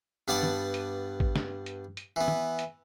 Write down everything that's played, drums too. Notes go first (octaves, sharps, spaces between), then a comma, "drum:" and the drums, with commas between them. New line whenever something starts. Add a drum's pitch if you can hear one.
G2 B3 D5 F#5 A5 D6
drum: tom
drum: hi-hat
drum: kick
drum: snare
drum: hi-hat
drum: hi-hat
E3 B3
drum: tom
drum: hi-hat